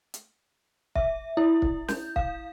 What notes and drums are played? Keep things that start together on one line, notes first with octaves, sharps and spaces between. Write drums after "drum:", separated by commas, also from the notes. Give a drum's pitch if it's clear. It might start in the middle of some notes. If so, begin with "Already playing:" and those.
drum: hi-hat
E5, drum: kick
E4
drum: kick
G6, drum: snare
F5, drum: kick